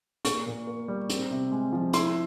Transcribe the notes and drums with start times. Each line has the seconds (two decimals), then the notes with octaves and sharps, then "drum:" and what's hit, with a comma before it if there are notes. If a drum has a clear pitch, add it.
0.25 A#2 C#6, drum: hi-hat
0.46 A#2
0.67 A#3
0.88 G3
1.09 C4, drum: hi-hat
1.31 C3
1.52 G#3
1.72 F3
1.93 E4 C6, drum: hi-hat